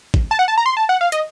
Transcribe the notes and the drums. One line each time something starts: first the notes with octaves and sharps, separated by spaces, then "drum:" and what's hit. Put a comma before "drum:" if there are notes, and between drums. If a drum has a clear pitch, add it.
drum: kick
A5
F#5
A5
A#5
C6
A5
F#5
F5
D#5, drum: hi-hat